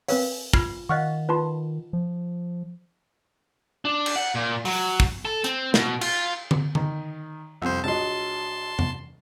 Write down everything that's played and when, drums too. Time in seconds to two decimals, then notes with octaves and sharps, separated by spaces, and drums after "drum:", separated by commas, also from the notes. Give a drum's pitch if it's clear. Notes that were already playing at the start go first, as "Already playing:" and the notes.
0.08 C4 A#4 B4 C#5 F5, drum: open hi-hat
0.53 F4 B4 F6 G#6 C7, drum: kick
0.89 D#3 D#5 F5 F#5 C#6 F6 F#6
1.29 D#4 F4 B4 A5 C6
1.93 F3
3.85 D4
4.06 drum: cymbal
4.16 F#5
4.35 A#2
4.65 F#3, drum: open hi-hat
5.00 drum: kick
5.25 A4
5.44 C4, drum: hi-hat
5.74 B2, drum: snare
6.01 F4, drum: cymbal
6.51 drum: tom D3
6.75 D#3, drum: tom D3
7.62 C2 F2 C3 C5
7.84 A#1 F#3 D#5 A5 C6
8.79 drum: tom E2